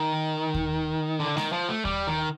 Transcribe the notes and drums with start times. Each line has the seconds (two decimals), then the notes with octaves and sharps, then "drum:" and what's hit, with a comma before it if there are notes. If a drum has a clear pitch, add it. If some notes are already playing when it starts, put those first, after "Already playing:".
Already playing: D#3
0.54 drum: kick D#2
1.20 D3
1.37 D#3, drum: snare G#3
1.53 F3
1.69 A3
1.85 G3, drum: kick D#2
2.07 D#3